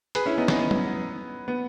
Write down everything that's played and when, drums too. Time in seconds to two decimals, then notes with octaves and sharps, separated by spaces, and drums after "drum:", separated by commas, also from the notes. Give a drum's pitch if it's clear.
0.15 G#4 B4, drum: hi-hat
0.26 C#4 E4
0.38 B3 D#4
0.48 B3 D#4, drum: snare
0.59 B3
0.71 drum: tom F#3
1.48 B3